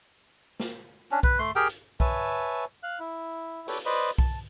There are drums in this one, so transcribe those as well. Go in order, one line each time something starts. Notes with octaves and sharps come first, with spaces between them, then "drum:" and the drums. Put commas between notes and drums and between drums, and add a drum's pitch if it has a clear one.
drum: snare
C#4 D4
B4, drum: kick B1
A3 C6
G4 G#4 A#4 G5
drum: hi-hat
B4 C#5 E5 G#5 A5, drum: kick B1
F5 F#6
E4
G4 A4 B4 C#5 D5 G5, drum: open hi-hat
B4 C5 D5 D#5 B5
A5, drum: kick B1